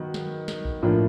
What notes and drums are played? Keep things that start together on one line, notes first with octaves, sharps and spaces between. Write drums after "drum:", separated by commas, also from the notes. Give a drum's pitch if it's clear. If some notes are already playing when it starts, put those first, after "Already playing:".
Already playing: D#3 F#3 B3
drum: snare
drum: snare
drum: kick A#1
A2 F3 A#3 D4 F4